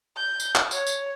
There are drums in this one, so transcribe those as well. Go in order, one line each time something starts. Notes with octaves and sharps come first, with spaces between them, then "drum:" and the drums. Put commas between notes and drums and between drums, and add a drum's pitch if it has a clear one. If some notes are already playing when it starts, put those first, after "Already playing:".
G6
drum: tambourine
drum: clap
C#5, drum: tambourine
drum: tambourine